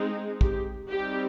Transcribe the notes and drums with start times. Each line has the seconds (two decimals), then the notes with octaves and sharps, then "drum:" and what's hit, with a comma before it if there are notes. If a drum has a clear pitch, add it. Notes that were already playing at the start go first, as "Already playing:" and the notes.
Already playing: G#3 C4 D#4
0.41 G4, drum: kick
0.89 G3 C4 D#4 G4